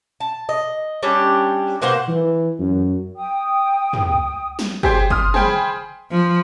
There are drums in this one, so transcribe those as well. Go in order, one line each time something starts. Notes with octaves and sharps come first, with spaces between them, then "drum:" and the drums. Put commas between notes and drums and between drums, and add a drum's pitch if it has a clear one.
A5
D#5
G3 C#4 D4 G4
B2 A#3 C5 F#5
E3
F#2
G5 D#6
drum: tom
drum: snare
G4 G#4 C5 G5, drum: kick
C6 D#6 F6, drum: kick
G#4 C5 G5 B5, drum: tom
F3